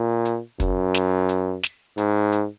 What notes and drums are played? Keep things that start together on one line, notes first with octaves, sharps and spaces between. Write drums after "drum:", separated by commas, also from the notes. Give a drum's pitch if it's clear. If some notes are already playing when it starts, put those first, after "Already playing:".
Already playing: A#2
drum: hi-hat
F#2, drum: kick, hi-hat
drum: snare
drum: hi-hat
drum: snare
G#2, drum: hi-hat
drum: hi-hat